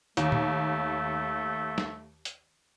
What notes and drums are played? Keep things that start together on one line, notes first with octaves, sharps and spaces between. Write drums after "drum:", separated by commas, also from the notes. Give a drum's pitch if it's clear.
D#2 A3, drum: hi-hat
drum: tom
drum: snare
drum: hi-hat